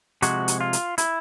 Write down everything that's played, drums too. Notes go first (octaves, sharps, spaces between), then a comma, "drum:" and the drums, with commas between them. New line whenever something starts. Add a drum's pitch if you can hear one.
C3 F3 G#3 F#4, drum: hi-hat
drum: hi-hat
F4
drum: hi-hat
E4, drum: hi-hat